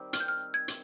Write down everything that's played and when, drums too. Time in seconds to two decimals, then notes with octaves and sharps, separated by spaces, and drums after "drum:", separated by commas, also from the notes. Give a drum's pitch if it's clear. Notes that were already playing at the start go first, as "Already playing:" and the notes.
Already playing: D#3 G3 C4 G4
0.13 F6, drum: hi-hat
0.20 G6
0.28 F6
0.54 G#6
0.68 drum: hi-hat